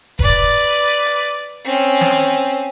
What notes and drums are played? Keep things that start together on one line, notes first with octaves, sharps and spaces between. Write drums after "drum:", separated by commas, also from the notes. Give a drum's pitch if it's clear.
B4 D5, drum: kick E1
drum: hi-hat
C4 C#4
drum: snare